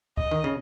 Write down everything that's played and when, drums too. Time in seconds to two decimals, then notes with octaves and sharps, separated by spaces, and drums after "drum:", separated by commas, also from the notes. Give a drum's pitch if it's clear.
0.17 D#5, drum: kick C#2
0.31 D#3
0.44 C#3